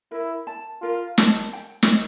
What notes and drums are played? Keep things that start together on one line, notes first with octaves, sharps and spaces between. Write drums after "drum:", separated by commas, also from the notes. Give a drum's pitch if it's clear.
E4 A#4
A5
F4 A#4
A5, drum: snare
G5
drum: snare